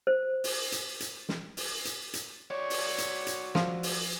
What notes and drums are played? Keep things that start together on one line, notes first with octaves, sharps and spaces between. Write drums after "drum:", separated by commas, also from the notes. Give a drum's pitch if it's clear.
C5
drum: open hi-hat
drum: hi-hat
drum: hi-hat
drum: snare
drum: open hi-hat
drum: hi-hat
drum: hi-hat
F#4 C#5 D5
drum: open hi-hat
drum: hi-hat
drum: hi-hat
F3, drum: snare
drum: open hi-hat